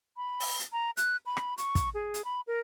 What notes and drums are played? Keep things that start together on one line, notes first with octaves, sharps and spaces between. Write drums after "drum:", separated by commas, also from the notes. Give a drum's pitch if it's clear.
B5
drum: open hi-hat
drum: hi-hat
A#5
F#6, drum: hi-hat
B5
drum: rim click
C#6, drum: hi-hat
drum: kick, hi-hat
G#4
drum: hi-hat
B5
A#4